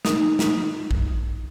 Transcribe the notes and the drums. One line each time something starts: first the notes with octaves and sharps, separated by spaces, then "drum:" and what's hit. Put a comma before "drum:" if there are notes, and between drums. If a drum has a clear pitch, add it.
D#4, drum: snare
drum: snare
drum: kick A#1